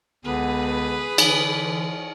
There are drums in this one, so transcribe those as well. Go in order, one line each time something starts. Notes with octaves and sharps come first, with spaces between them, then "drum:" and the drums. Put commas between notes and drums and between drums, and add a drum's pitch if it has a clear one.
C#2 D3 B3 G#4 B4
D3 E3, drum: cymbal